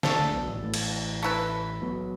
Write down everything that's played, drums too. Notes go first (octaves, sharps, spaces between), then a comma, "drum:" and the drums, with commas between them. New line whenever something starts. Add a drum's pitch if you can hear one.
A3 D4 A4, drum: snare
D2 D3
B1 B2
A1 A2
A1 A2
drum: cymbal
A3 E4 B4
B1 B2